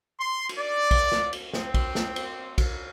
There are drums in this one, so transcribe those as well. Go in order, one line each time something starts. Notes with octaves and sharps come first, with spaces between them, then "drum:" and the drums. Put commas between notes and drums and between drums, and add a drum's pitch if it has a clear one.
C6
drum: cymbal
D5
drum: kick A#1, cymbal
drum: snare
drum: cymbal
C4, drum: snare
drum: kick A#1, cymbal
drum: snare
drum: cymbal
drum: kick A#1, cymbal